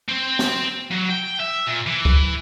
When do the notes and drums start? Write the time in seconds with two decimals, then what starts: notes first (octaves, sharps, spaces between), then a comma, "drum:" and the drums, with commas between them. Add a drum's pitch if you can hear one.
0.09 C4 C5
0.39 drum: snare B3
0.91 F#3
1.10 G5
1.40 E5
1.67 A#2
1.87 E3
2.05 drum: kick C#2